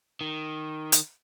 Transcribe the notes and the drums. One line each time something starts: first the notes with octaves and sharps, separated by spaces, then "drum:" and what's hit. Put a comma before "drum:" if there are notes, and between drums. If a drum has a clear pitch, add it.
D#3
drum: hi-hat